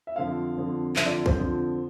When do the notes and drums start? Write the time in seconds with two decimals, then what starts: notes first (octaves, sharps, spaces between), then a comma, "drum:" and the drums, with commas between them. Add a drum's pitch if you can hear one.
0.07 E5
0.16 F2 D3 F3 F5
0.57 F2 D3 F3
0.96 F2 D3 F3 E5, drum: clap
1.06 D5
1.26 C5, drum: kick B1
1.36 F2 D3 F3